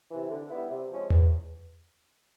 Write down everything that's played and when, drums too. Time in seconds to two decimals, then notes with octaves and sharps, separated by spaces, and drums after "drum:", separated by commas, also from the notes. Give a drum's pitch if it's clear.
0.11 C3 E3
0.31 D3
0.50 G3 B3 E4
0.71 C3
0.91 F3 G#3 C#4
1.10 E2, drum: tom E2